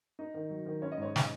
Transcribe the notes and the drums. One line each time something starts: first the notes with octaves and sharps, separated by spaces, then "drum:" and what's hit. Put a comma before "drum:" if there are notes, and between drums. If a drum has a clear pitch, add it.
D#4
D#3
F#3
D#3
C#4 C#5
D#5
G#2 C#5
drum: snare